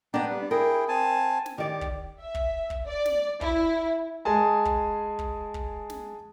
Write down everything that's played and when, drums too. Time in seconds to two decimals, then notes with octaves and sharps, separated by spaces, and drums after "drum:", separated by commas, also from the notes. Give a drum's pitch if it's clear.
0.14 B3 D4 G5 A#5
0.29 G3
0.51 E4 G#4 A#4 G5
0.88 C4 G#5 A5
1.46 drum: snare
1.58 D#3 G4 D5
1.81 drum: kick
2.20 E5
2.35 drum: kick
2.70 drum: kick
2.86 D5
3.06 drum: snare
3.41 E4, drum: kick
4.25 G#3 G#4 G#5 A5
4.65 drum: kick
5.19 drum: kick
5.54 drum: kick
5.90 drum: snare